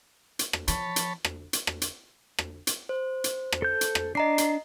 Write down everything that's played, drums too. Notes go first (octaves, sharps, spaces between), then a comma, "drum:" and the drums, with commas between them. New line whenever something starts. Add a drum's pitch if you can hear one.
drum: hi-hat
drum: rim click
F3 C#5 A5 B5, drum: hi-hat
drum: hi-hat
drum: rim click
drum: hi-hat
drum: rim click
drum: hi-hat
drum: rim click
drum: hi-hat
C5
drum: hi-hat
drum: rim click
A4 G6
drum: hi-hat
drum: rim click
D4 D#5 A#5 C7
drum: hi-hat